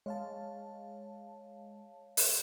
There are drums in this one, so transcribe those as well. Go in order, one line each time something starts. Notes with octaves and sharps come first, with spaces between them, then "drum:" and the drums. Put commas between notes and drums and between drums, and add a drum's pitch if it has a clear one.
G#3 C#5 F5 A5
drum: open hi-hat